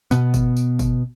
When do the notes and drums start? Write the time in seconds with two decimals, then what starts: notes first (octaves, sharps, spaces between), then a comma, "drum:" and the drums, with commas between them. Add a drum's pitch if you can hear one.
0.11 B2 B3, drum: tambourine
0.34 drum: kick G1, tambourine
0.57 drum: tambourine
0.79 drum: kick G1, tambourine